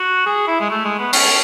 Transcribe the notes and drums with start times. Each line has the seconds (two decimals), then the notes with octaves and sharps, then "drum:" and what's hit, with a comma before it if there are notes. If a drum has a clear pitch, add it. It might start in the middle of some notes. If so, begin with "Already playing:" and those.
Already playing: F#4
0.26 G#4
0.47 E4
0.60 G#3
0.70 A3
0.85 G#3
0.99 B3
1.13 C#4, drum: open hi-hat